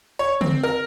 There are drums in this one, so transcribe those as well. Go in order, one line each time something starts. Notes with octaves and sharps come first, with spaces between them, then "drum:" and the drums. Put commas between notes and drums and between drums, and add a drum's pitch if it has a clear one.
C#5
C4, drum: tom
A#4